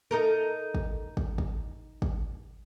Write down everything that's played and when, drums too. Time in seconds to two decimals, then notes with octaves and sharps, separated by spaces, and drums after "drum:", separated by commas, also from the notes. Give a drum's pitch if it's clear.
0.11 D#4 A4 A#4
0.75 drum: kick
1.17 drum: kick
1.38 drum: kick
2.02 drum: kick